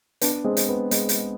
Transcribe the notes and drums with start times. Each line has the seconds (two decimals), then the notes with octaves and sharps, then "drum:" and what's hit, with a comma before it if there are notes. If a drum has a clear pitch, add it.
0.21 B3 D4, drum: hi-hat
0.44 G#3 C4
0.57 drum: hi-hat
0.69 B3
0.91 G#3, drum: hi-hat
1.09 drum: hi-hat